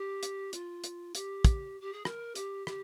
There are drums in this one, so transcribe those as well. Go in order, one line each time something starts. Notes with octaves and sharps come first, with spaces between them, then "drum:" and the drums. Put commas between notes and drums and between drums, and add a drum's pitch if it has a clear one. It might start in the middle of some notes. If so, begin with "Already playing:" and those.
Already playing: G4
drum: hi-hat
F4, drum: hi-hat
drum: hi-hat
G4, drum: hi-hat
drum: kick, hi-hat
G4
G#4
A#4, drum: rim click
G4, drum: hi-hat
G4, drum: rim click